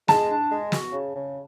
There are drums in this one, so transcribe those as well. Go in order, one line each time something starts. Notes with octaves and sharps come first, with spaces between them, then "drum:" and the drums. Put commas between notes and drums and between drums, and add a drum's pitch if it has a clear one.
G#3 A5, drum: snare
D4
G#3
F#4, drum: snare
C#3
C#3